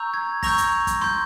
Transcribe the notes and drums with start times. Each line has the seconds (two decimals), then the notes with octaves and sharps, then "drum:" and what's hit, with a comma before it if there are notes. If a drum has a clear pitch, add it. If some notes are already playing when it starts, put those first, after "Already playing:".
Already playing: A#5 C#6 E6 G6
0.14 G#6
0.43 A#5 C#6 E6 G6 A#6, drum: kick, open hi-hat
0.58 drum: hi-hat
0.87 drum: kick, hi-hat
1.01 C6 G6, drum: snare